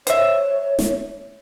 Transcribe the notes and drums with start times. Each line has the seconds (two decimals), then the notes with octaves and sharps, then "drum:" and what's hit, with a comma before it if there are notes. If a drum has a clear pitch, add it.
0.07 C5 C#5 E5, drum: hi-hat
0.79 drum: snare